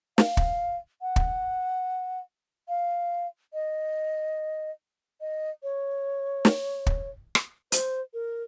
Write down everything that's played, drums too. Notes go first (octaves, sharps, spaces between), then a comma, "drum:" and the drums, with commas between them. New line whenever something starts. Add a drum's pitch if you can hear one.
F5, drum: snare
drum: kick
F#5
drum: kick
F5
D#5
D#5
C#5
drum: snare
drum: kick
drum: rim click
C5, drum: hi-hat
A#4